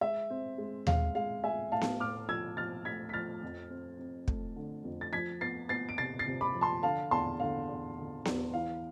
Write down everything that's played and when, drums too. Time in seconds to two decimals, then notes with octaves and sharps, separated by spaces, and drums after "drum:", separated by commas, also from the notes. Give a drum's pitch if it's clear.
0.01 G#3 E5
0.30 C4
0.58 G#3
0.87 G#3 F5, drum: tom D#2
1.15 G#3 F5
1.43 G#3 E5 G#5
1.72 A2 F5 A5
1.81 drum: snare B3
2.00 A2 D6 F6
2.28 F3 E6 G#6
2.57 F3 F6 A6
2.85 A3 G#6 B6
3.09 B6
3.14 F3 F6 A6
3.43 F2
3.70 C4
3.99 C4
4.28 A3, drum: kick
4.56 D3
4.84 F2
5.01 A6
5.13 F3 G#6 B6
5.41 B3 A6 C7
5.69 B3 A6 C7
5.89 D7
5.98 C3 A6 C7
6.19 A6 C7
6.27 C3
6.41 B5 D6
6.55 F3
6.61 A5 C6
6.83 D3 F5 A5
7.11 E2 A5 C6
7.40 D3 F5
7.69 E2
7.97 D3
8.25 E2, drum: snare B3
8.53 E3 F5